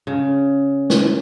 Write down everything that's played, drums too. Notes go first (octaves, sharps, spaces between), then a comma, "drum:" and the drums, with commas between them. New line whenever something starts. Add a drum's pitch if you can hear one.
C#3
drum: snare